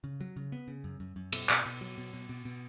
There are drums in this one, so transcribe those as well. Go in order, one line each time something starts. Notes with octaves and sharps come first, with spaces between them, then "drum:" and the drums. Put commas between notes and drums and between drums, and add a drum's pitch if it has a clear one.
C#3
F#3
C#3
B3
C#3
F#2
F#2
F#2
B2, drum: cymbal
B2, drum: clap
B2
F#3
B2
B2
B2
B2